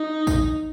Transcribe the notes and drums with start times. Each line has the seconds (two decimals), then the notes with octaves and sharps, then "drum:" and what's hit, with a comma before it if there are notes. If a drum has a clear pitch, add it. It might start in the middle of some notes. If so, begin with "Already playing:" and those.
Already playing: D#4
0.27 drum: kick A#1, tambourine